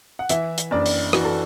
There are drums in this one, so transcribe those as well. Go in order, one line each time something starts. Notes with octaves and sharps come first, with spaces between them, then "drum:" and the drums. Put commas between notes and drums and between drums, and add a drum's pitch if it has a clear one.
F#5
E3 E4 E5, drum: hi-hat
drum: hi-hat
F#1 D4 D5
drum: open hi-hat
E3 F#4, drum: rim click
A4